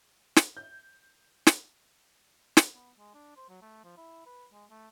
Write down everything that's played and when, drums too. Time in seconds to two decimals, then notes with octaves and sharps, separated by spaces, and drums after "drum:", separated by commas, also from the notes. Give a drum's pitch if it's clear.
0.36 drum: snare
0.57 G6
1.47 drum: snare
2.57 drum: snare
2.74 B3
2.98 G#3
3.14 D4
3.36 C5
3.49 F#3
3.62 A3
3.84 F3
3.97 E4
4.26 B4
4.53 G#3
4.70 A3